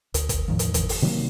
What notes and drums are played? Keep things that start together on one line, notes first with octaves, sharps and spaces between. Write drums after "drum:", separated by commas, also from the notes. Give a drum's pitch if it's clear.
D2, drum: hi-hat
drum: kick, hi-hat
E2 A2 D#3 F3
drum: hi-hat
drum: kick, hi-hat
drum: open hi-hat
C3 D#3 F#3 A#3